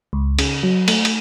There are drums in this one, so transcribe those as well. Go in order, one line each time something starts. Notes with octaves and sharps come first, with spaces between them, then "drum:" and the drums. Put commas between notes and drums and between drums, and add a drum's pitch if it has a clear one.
C#2
C#3, drum: cymbal
F#3
A3, drum: cymbal
drum: cymbal